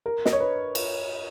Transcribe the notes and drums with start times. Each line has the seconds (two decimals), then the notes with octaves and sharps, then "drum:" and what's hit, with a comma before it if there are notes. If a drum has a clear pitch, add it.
0.06 A#4
0.25 D#5, drum: snare
0.33 C#5
0.40 B4
0.75 drum: cymbal